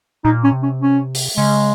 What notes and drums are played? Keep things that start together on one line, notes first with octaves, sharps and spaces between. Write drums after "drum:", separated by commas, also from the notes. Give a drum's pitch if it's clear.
A#2 D#4
C#4
C3
C#4
C#4
drum: open hi-hat
C#3 G#3